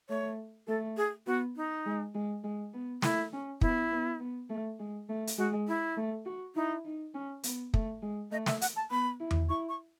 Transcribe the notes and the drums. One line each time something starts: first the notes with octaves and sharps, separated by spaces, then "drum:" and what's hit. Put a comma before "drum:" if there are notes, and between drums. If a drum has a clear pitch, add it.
A3 C#5
A3 A4
G#4
B3 F#4
D#4
G#3
G#3
G#3
B3
A3 E4, drum: snare
C#4
B3 E4, drum: kick
B3
B3
A3
G#3
A3
drum: hi-hat
G#3 F#4
E4
A3
F#4
D#4 E4
D#4
C#4
B3, drum: hi-hat
A3, drum: kick
G#3
A3 D#5
E5, drum: snare
F#5, drum: hi-hat
A5
B3 B5
E4
drum: tom E2
E4 C#6
C#6